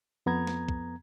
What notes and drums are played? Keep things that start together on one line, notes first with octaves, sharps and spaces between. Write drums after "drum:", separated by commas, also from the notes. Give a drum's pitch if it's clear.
F2 B3 A#5 G#6
drum: snare
drum: kick